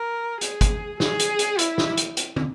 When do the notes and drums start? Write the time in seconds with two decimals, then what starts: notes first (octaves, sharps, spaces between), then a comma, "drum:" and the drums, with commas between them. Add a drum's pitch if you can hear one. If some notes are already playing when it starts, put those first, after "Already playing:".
Already playing: A#4
0.41 G#4, drum: hi-hat
0.61 drum: kick G1, hi-hat
1.00 G#4, drum: snare
1.19 drum: hi-hat
1.39 drum: hi-hat
1.59 E4, drum: hi-hat
1.78 drum: snare
1.97 drum: hi-hat
2.17 drum: hi-hat
2.36 drum: tom